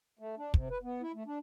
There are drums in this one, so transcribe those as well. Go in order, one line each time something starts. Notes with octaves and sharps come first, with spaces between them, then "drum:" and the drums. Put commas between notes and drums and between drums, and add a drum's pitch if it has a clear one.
A3
D4
C3, drum: kick
B4
B3
E4
A3
D4